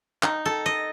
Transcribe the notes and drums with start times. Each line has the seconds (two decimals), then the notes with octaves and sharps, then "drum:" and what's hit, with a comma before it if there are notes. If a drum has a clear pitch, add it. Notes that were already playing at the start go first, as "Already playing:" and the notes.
0.23 D#4, drum: clap
0.46 A4
0.66 D#5